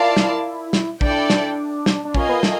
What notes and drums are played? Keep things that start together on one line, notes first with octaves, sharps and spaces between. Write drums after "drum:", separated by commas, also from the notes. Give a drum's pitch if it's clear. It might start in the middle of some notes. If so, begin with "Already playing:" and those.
Already playing: E4 F4 A#4 D5 F5 A5
drum: snare
drum: snare
D4 E4 A4 D5 G5, drum: kick
drum: snare
drum: snare
D4
C#4 F4 A#4 D#5 G#5, drum: kick
B3
A3, drum: snare